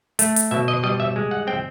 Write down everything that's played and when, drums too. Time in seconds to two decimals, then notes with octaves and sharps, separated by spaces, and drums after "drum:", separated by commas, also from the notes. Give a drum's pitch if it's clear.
0.19 A3, drum: hi-hat
0.36 drum: hi-hat
0.51 B2 E5
0.68 D#5
0.83 G3 D#5
1.00 E5
1.16 G#3
1.31 F#5
1.47 C4 G5